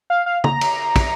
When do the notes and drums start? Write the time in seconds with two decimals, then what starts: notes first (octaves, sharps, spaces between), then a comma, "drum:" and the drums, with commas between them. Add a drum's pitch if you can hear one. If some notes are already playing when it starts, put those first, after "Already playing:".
0.10 F5
0.26 F5
0.44 A#5, drum: tom
0.61 drum: cymbal
0.96 drum: kick, cymbal